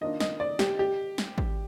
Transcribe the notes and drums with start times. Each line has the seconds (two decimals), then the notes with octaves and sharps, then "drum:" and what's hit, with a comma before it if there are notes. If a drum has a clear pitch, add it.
0.01 D#3 A#3 D4 F4 D#5
0.20 D#5, drum: snare
0.40 D5
0.59 G4, drum: snare
0.79 G4
1.18 drum: snare
1.38 drum: kick